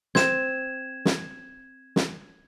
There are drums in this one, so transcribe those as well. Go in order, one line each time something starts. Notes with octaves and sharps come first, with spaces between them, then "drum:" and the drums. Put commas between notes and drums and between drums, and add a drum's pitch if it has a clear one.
C4 G#6 E7, drum: snare
drum: snare
drum: snare